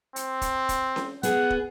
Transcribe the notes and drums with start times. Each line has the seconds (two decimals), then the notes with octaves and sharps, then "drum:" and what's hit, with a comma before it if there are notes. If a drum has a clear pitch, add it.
0.16 C4, drum: hi-hat
0.42 drum: kick, hi-hat
0.69 drum: kick, hi-hat
0.96 drum: snare C#4
1.23 B3 G#4 F#5, drum: hi-hat
1.50 drum: kick